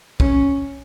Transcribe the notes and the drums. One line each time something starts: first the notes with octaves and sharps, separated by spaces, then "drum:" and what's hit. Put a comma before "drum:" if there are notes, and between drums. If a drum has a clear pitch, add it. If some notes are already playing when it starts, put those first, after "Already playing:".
C#4, drum: kick